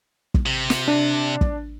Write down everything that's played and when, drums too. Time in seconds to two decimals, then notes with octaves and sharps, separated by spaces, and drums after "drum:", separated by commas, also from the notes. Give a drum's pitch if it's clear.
0.34 drum: kick
0.46 C3
0.70 drum: snare
0.88 D4
1.41 drum: kick